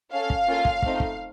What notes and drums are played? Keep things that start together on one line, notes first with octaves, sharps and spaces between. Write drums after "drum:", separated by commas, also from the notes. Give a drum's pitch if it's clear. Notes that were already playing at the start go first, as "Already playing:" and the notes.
C#4 A4 F5
drum: kick
A#3 C#4 F4 A4
drum: kick
A3 C4 D#4, drum: kick
drum: kick